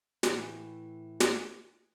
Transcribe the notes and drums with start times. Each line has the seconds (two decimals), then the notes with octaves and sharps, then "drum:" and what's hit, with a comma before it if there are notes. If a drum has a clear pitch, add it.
0.23 A2 E3, drum: snare
1.20 drum: snare